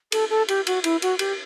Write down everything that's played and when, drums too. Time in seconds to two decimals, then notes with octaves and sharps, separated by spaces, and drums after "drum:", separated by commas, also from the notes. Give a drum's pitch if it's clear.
0.12 A4, drum: cymbal
0.30 A4
0.48 G4, drum: cymbal
0.67 F#4, drum: cymbal
0.84 E4, drum: cymbal
1.02 F#4, drum: cymbal
1.19 G4, drum: cymbal